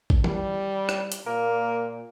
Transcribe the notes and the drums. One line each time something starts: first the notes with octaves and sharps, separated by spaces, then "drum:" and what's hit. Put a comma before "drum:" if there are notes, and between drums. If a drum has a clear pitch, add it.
drum: kick A1
G3, drum: tom D#3
drum: rim click
drum: hi-hat
A#2 A#3